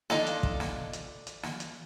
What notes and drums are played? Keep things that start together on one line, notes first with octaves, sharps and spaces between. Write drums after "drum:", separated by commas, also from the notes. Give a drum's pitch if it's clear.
D4 D#4 F4 A4, drum: snare
drum: hi-hat
drum: kick
drum: snare
drum: hi-hat
drum: hi-hat
drum: snare
drum: hi-hat